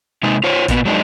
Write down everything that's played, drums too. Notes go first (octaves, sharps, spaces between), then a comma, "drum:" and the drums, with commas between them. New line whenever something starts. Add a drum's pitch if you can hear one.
C3 G#3 D#4
F4 C5 C#5
A#2 B3, drum: kick, hi-hat
F#3 G#3 D4 D#4